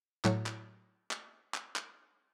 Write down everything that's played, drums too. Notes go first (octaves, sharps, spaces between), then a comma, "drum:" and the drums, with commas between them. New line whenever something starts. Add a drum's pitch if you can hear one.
A2 F#3, drum: clap
drum: clap
drum: clap
drum: clap
drum: clap